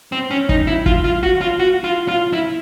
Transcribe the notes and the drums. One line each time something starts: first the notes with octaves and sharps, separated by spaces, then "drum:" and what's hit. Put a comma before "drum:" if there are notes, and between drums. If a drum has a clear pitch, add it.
C4
C#4
D#4, drum: kick
E4
F4, drum: kick
F4
F#4
F4
F#4
F4
F4
E4